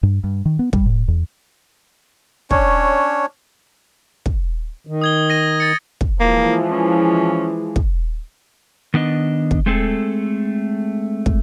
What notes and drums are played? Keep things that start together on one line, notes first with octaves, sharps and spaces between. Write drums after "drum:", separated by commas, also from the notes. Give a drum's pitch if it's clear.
G2
G2
D#3
B3
G3, drum: kick
A2
E2
C#4 D4 C#5, drum: kick
drum: kick
D#3
D#6 G#6 G7
A#6 D#7
A6 C#7
drum: kick
E3 F3 G#3 A#3
C#4
drum: kick
D#3 B3 D4 D#5
drum: kick
G#3 A3 C4 G#4 A4
drum: kick